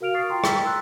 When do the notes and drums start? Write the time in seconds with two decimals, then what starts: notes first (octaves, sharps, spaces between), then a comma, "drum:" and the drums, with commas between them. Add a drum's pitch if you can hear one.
0.01 F#4 A#4 F5 F6 D7 F7
0.14 C#6 D#6 F6 A6 C7
0.29 F4 A#4 G5 A#5 C6
0.44 G5 A#5 B5 E6 A6 B6, drum: rim click
0.64 C6 E6 F#6 A6